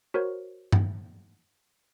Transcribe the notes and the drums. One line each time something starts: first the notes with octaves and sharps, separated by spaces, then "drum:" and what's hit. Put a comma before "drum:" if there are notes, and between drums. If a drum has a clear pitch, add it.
F#4 A#4 C5 C#5
drum: tom G2